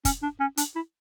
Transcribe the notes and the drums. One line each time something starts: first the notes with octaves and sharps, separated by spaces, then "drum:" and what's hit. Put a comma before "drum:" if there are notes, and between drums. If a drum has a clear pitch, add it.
C#4, drum: kick, hi-hat
D4
C#4
D4, drum: hi-hat
E4